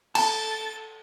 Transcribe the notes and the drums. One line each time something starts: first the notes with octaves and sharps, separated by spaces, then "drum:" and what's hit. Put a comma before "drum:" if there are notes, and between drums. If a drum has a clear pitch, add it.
A4 A5 A6, drum: cymbal